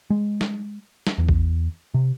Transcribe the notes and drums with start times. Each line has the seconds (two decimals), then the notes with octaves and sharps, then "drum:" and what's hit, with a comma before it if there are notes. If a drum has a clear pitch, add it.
0.10 G#3
0.41 drum: snare
1.07 drum: snare
1.18 E2
1.29 drum: kick
1.94 C3